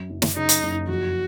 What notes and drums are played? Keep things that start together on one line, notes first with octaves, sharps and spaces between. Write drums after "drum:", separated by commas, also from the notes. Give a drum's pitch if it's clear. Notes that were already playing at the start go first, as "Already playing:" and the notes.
Already playing: F#2
F#1
drum: snare
C#3 D#4
drum: hi-hat
F#1
F2 F#4